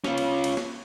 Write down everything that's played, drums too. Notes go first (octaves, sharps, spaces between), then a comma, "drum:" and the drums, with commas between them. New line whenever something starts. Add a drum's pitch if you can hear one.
C#4 F4, drum: snare
drum: cymbal
drum: cymbal
drum: snare